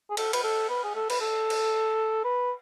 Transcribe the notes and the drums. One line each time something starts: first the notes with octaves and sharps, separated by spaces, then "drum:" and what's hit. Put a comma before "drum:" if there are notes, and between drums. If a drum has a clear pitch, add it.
G#4
A4, drum: cymbal
B4, drum: cymbal
A4
B4
G#4
A4
B4, drum: cymbal
A4
drum: cymbal
B4